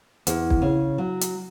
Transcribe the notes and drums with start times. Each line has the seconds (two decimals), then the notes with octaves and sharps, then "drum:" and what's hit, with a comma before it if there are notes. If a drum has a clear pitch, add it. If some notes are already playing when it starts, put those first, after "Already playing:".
0.27 E2, drum: hi-hat
0.50 drum: kick
0.62 C#3
0.98 F#3
1.21 drum: hi-hat